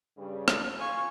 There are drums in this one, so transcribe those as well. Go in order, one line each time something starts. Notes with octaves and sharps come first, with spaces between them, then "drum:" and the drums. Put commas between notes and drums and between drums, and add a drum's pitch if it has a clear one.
G2 C#3 G3
drum: rim click
F4 G#5 C#6